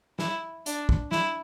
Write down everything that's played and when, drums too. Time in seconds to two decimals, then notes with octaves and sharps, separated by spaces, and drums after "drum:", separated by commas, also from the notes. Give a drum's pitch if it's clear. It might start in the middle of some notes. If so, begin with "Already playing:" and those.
0.19 E4, drum: snare
0.66 D4, drum: hi-hat
0.89 drum: kick
1.11 E4, drum: snare